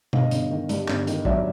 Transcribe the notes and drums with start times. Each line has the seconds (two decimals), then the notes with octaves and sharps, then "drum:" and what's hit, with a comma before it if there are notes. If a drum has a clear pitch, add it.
0.13 G1 D#5 F5, drum: tom B2
0.31 G1, drum: hi-hat
0.51 D#3
0.69 G2, drum: hi-hat
0.88 G1, drum: clap
1.07 D#3, drum: hi-hat
1.25 F#3 D5 E5, drum: kick